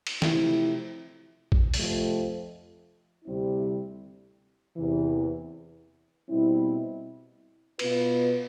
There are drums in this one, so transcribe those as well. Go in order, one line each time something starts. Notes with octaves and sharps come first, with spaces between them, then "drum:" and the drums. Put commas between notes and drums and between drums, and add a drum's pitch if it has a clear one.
drum: cymbal
C3 F3 A3 E4, drum: snare
drum: kick A1
F2 C3 F3 A3, drum: open hi-hat
D2 C3 G3 C4 E4
E2 C3 E3
B2 G3 C4 E4
B2 B3 F4 B4, drum: cymbal